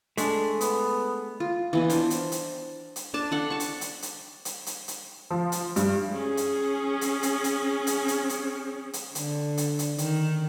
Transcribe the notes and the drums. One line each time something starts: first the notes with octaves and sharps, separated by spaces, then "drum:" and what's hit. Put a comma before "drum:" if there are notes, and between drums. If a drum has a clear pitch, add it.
G#3 A3 D4, drum: hi-hat
B3, drum: hi-hat
F4
E3 B3 D#5
D4 A#4 C5, drum: hi-hat
drum: hi-hat
drum: hi-hat
drum: hi-hat
D4 D5 A5
D4 A4 F#5
A5 C#6
drum: hi-hat
drum: hi-hat
drum: hi-hat
drum: hi-hat
drum: hi-hat
drum: hi-hat
F3
drum: hi-hat
G2, drum: hi-hat
C#4 G#4
drum: hi-hat
drum: hi-hat
drum: hi-hat
drum: hi-hat
drum: hi-hat
drum: hi-hat
drum: hi-hat
drum: hi-hat
D3, drum: hi-hat
drum: hi-hat
drum: hi-hat
D#3, drum: hi-hat